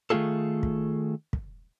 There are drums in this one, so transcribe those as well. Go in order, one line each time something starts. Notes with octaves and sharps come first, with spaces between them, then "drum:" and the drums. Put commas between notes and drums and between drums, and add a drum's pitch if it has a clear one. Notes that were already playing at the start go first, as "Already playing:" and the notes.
D#3 A3 A#3 F4 G#4 A4
drum: kick
drum: kick